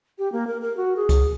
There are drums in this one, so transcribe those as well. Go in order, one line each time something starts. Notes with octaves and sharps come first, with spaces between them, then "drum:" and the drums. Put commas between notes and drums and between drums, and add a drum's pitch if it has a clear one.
G4
A#3
A#4
A#4
F#4
G#4
drum: kick C#2, hi-hat